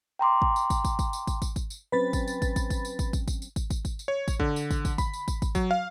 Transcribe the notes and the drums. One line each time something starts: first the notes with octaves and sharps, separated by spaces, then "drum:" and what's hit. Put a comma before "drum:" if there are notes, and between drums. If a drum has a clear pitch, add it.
G5 A#5 C6 D6
drum: kick
drum: tambourine
drum: kick, tambourine
drum: kick, tambourine
drum: kick, tambourine
drum: tambourine
drum: kick, tambourine
drum: kick, tambourine
drum: kick, tambourine
drum: tambourine
F#3 C4 C#4 B4 B5 A6
drum: kick, tambourine
drum: tambourine
drum: kick, tambourine
drum: kick, tambourine
drum: kick, tambourine
drum: tambourine
drum: kick, tambourine
drum: kick, tambourine
drum: kick, tambourine
drum: tambourine
drum: kick, tambourine
drum: kick, tambourine
drum: kick, tambourine
drum: tambourine
C#5
drum: kick, tambourine
D3, drum: kick
drum: tambourine
drum: kick, tambourine
drum: kick, tambourine
B5, drum: kick, tambourine
drum: tambourine
drum: kick, tambourine
drum: kick, tambourine
F#3, drum: kick, tambourine
F5